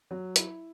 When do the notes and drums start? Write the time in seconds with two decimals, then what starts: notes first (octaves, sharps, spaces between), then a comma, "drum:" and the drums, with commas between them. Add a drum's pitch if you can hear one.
0.11 F#3
0.36 E4, drum: hi-hat